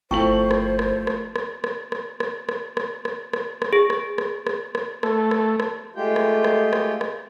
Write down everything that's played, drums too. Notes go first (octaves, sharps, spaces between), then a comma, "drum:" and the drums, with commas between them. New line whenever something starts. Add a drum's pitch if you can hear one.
G1 F3 A3 E4 C5 G5 C#6 F#7
drum: rim click
drum: rim click
drum: rim click
drum: rim click
drum: rim click
drum: rim click
drum: rim click
drum: rim click
drum: rim click
drum: rim click
drum: rim click
drum: rim click
G#4
drum: rim click
drum: rim click
drum: rim click
drum: rim click
A3, drum: rim click
drum: rim click
drum: rim click
G#3 A3 F4 G4 G5
drum: rim click
drum: rim click
drum: rim click
drum: rim click